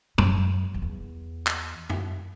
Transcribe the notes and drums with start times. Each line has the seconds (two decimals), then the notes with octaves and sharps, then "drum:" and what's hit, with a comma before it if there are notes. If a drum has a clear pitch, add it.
0.18 F#2, drum: tom
0.74 F2
0.82 E2
1.47 drum: clap
1.90 drum: tom F#2